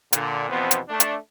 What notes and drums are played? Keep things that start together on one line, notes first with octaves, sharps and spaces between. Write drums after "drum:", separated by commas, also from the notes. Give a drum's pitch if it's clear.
A#2 D3, drum: hi-hat
E2 B2 F3 B3 C4 C5
drum: hi-hat
A3 D4
drum: hi-hat